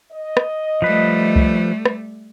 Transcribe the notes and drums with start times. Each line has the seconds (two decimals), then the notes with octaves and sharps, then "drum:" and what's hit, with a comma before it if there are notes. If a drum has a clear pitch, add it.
0.12 D#5
0.37 drum: rim click
0.82 F3 G3 A3 B4
1.36 drum: kick C2
1.85 drum: rim click